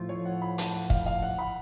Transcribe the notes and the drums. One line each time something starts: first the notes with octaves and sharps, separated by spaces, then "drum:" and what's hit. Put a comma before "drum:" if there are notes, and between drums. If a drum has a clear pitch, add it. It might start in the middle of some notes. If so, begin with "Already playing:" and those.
Already playing: A2 F3 A3 F4
C#5
F#5
B5
A5, drum: hi-hat
F#5
F5, drum: kick
F5
F#5
B5